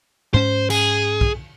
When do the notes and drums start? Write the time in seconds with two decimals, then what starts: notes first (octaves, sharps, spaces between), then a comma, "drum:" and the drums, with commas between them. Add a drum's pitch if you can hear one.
0.34 G#2 C#4 C5
0.70 G#4, drum: cymbal
1.21 drum: kick